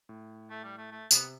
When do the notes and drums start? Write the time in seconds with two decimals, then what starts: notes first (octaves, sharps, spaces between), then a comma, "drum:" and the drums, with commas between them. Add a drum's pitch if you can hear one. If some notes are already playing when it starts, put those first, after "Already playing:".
0.09 A2
0.50 A3
0.64 G3
0.78 A3
0.92 A3
1.11 C3 B3, drum: tambourine